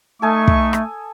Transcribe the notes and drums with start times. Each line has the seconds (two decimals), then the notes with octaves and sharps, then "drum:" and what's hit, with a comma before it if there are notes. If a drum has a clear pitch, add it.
0.22 A3 D#4 A4 E5 G#5 C#6 D#6
0.48 drum: kick
0.73 drum: rim click